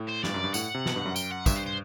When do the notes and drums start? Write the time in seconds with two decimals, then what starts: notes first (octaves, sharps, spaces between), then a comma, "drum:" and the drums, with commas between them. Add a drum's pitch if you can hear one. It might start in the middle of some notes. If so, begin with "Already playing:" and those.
Already playing: A2
0.09 C5
0.24 G2 D5, drum: snare
0.34 F#2
0.44 G2
0.54 A2 F#5, drum: tambourine
0.75 C3
0.86 B2, drum: snare
0.96 G2
1.05 F#2
1.16 G5, drum: tambourine
1.32 F#5
1.46 G2 E5, drum: kick, tambourine
1.56 C5
1.66 C5